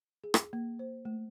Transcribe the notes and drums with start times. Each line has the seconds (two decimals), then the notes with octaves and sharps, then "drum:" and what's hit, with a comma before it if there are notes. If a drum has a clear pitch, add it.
0.24 G#4
0.34 drum: rim click
0.53 A#3
0.79 C5
1.05 A3